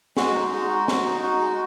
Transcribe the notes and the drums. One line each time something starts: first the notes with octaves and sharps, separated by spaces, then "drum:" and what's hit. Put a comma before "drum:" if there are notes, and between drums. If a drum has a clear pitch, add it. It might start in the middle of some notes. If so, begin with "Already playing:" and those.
G#3 F#4, drum: snare
D#4
G#3
F#4
F#4, drum: snare
D#4
F#4
G#3